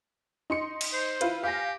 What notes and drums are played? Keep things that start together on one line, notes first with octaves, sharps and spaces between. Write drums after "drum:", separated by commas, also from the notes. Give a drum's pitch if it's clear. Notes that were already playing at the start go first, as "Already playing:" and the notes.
D#4 C6 C#7
drum: cymbal
C5
E4 F4 B4, drum: hi-hat
G4 F5 G#5 A#6